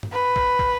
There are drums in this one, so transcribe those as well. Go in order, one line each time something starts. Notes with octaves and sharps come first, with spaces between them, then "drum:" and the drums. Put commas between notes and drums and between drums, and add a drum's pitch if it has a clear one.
drum: tom G2
B4
drum: kick
drum: kick